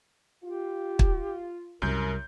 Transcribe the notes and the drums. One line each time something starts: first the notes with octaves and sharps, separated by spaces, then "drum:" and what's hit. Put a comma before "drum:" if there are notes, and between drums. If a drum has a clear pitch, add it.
F4 G4
drum: kick
C2 F#2 A#4 G6